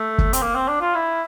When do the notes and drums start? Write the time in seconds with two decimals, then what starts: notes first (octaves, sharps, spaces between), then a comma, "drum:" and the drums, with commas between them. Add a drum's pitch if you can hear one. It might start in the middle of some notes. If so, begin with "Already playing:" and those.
Already playing: A3
0.18 drum: kick
0.33 C4, drum: hi-hat
0.42 A#3
0.55 C4
0.68 D4
0.81 F4
0.95 E4